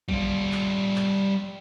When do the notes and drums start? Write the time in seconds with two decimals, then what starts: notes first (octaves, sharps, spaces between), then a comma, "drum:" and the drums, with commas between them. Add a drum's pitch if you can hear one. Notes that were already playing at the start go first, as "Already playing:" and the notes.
0.08 G3 F4, drum: kick A1
0.52 drum: clap
0.96 drum: clap